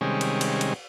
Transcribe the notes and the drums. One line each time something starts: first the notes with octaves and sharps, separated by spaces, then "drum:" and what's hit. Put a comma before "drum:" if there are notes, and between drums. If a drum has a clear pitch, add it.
C3 D#3 G3 G#3 C#4
drum: cymbal
drum: cymbal
drum: cymbal